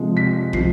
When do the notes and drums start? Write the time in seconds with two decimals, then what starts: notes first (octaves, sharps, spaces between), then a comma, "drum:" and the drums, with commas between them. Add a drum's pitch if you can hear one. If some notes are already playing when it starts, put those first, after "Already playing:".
Already playing: C3 F3 G#3
0.17 B6
0.53 C3 F3 G#3 C7, drum: kick